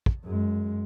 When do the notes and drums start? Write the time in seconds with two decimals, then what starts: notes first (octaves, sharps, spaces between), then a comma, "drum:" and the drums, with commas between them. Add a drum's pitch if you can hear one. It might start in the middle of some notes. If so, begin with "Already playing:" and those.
0.06 drum: kick
0.24 F#2 G#3